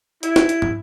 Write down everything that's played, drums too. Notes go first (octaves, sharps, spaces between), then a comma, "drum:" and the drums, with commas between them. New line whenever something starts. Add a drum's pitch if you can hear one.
E4, drum: hi-hat
drum: snare
drum: hi-hat
drum: tom